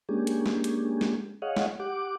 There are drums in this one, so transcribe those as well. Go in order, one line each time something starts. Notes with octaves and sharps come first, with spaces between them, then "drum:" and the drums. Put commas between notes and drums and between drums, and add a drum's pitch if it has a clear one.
G#3 A#3 C#4 D4 G4 G#4
drum: hi-hat
drum: snare
drum: hi-hat
drum: snare
G#4 C#5 D#5 F5 F#5
drum: snare
G4 F#5 D6